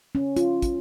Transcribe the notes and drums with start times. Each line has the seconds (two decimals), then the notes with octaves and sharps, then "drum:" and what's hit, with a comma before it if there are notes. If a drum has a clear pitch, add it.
0.15 C#4
0.36 F4, drum: hi-hat
0.62 drum: kick, hi-hat